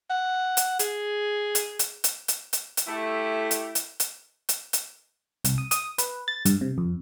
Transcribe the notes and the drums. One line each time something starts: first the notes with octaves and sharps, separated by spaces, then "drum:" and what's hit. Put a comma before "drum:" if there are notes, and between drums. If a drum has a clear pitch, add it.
F#5
drum: hi-hat
G#4, drum: hi-hat
drum: hi-hat
drum: hi-hat
drum: hi-hat
drum: hi-hat
drum: hi-hat
drum: hi-hat
A3 E4 G4
drum: hi-hat
drum: hi-hat
drum: hi-hat
drum: hi-hat
drum: hi-hat
C2, drum: hi-hat
D#6
D#6, drum: hi-hat
B4, drum: hi-hat
A6
G2, drum: hi-hat
C3
F2